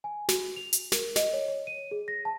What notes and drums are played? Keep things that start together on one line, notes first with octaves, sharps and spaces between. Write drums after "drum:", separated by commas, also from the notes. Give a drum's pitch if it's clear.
G#5
F#4, drum: snare
F7
drum: hi-hat
A#4, drum: snare
D#5, drum: snare
C#5
C#5
D#7
G#4
A#6
A5